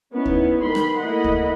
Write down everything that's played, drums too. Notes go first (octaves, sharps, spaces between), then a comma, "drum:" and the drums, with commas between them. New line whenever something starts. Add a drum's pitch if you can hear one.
B3 C#4 D#4 E4
drum: kick D2
D#3 B4 B5 C6
drum: rim click
A3 A#3 E4 D#5 F#5 B5
drum: kick D2